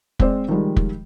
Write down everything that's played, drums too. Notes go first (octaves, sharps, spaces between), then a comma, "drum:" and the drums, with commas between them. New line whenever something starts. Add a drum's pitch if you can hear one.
G#3 C4 C5 D5, drum: kick
D#3 F3 G3 G#3
drum: kick